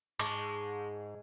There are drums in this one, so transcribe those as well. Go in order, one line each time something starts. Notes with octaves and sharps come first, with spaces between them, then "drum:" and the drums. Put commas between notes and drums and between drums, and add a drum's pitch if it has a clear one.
G#2 G#3 A5 C#6 D6, drum: hi-hat